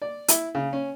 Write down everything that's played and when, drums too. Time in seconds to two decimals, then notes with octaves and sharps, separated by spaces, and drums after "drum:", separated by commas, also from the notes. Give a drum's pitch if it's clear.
0.02 D5
0.28 E4, drum: hi-hat
0.55 C#3
0.73 C#4